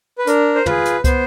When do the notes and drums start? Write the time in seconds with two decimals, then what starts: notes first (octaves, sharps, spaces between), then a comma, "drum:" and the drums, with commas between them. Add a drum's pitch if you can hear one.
0.18 B4
0.27 D4 A#4, drum: hi-hat
0.55 C5
0.66 F4 G#4 B4, drum: tom
0.85 drum: hi-hat
1.04 B3 C5, drum: kick, hi-hat